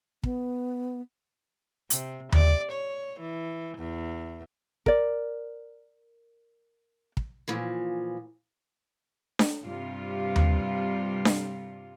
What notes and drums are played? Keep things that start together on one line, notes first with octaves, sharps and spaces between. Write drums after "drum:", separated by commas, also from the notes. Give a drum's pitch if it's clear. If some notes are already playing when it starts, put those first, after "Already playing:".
B3, drum: kick
C3, drum: hi-hat
D5, drum: tom D#2
C#5
E3
E2
A#4 D5, drum: kick
drum: kick
A#2 E3 F3
drum: snare D4
G2 C3 G3 F4
drum: tom D#2
drum: snare D4